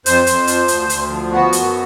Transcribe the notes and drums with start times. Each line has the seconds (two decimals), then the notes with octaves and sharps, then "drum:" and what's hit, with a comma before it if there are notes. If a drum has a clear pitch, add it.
0.06 F2 C5, drum: hi-hat
0.27 F2, drum: hi-hat
0.47 F3, drum: hi-hat
0.68 D2, drum: hi-hat
0.90 D2, drum: hi-hat
1.11 F3
1.32 B3 F#4
1.53 F#2, drum: hi-hat